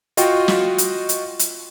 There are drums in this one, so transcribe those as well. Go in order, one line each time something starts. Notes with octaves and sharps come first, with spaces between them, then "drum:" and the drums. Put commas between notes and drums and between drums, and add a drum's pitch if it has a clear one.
F4 F#4 D#5 F5 G5 C#6, drum: hi-hat
drum: snare
drum: hi-hat
drum: hi-hat
drum: hi-hat